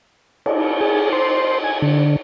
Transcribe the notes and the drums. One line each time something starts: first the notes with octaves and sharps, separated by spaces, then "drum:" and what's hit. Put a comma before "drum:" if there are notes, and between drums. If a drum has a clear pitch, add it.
drum: cymbal
G#4
C5
G#5
D3